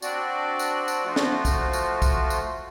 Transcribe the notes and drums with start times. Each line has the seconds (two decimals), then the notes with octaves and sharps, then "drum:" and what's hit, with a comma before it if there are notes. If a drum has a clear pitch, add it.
0.02 C4 D4 F#4 D5, drum: tambourine
0.59 drum: tambourine
0.88 drum: tambourine
1.05 F3 A3 F4 F#4
1.16 drum: snare
1.45 drum: kick, tambourine
1.73 drum: tambourine
2.02 drum: kick, tambourine
2.30 drum: tambourine